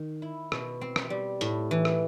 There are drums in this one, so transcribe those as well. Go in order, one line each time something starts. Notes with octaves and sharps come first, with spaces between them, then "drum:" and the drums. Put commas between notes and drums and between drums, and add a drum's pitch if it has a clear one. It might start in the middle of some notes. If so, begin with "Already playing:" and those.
Already playing: D#3
E4
B2, drum: rim click
C4
drum: rim click
G3
A2, drum: hi-hat
E3
drum: rim click